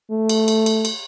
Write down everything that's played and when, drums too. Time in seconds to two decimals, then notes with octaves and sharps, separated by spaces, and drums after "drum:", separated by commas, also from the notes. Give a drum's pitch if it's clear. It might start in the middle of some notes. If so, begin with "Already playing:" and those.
0.11 A3
0.29 drum: cymbal
0.48 drum: cymbal
0.66 drum: cymbal
0.85 drum: cymbal